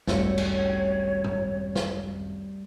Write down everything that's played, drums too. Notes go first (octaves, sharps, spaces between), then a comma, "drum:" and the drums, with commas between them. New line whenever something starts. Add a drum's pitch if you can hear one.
G#1 C#2 F#2 G3 A3 F#4 C#5, drum: snare
drum: cymbal
drum: tom A2
drum: snare